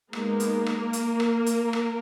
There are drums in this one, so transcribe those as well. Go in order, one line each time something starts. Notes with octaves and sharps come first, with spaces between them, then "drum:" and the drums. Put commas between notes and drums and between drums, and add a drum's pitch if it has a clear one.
G#3 A#3 B3 D#4 A#4, drum: rim click
drum: hi-hat
drum: rim click
drum: hi-hat
drum: rim click
drum: hi-hat
drum: rim click